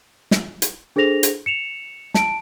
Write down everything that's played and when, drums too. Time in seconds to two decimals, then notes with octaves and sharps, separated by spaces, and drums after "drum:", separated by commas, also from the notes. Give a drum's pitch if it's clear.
0.31 drum: snare
0.62 drum: hi-hat
0.96 D4 G#4 A4 C5 A#6 F7
1.23 drum: hi-hat
1.46 C#7 E7 F7
2.14 A5 D7, drum: snare